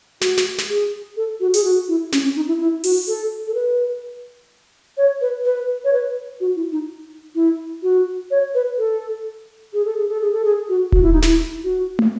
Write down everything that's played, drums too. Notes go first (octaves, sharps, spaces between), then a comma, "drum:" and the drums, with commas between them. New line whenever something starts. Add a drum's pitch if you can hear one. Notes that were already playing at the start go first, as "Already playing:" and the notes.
F#4, drum: snare
drum: snare
drum: snare
G#4
A4
F#4
G#4, drum: hi-hat
F#4
E4
C#4, drum: snare
C#4
D#4
E4
E4
F#4, drum: open hi-hat
A4
A4
B4
C#5
B4
B4
C#5
B4
F#4
E4
D#4
E4
F#4
C#5
B4
A4
G#4
A4
G#4
A4
G#4
A4
G#4
F#4
F#4, drum: kick D#1
E4
D#4
E4, drum: snare
F#4
drum: tom